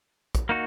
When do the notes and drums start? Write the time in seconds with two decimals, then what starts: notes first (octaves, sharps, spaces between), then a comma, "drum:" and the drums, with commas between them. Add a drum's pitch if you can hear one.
0.35 drum: kick, hi-hat
0.49 A#3 D#4 F#4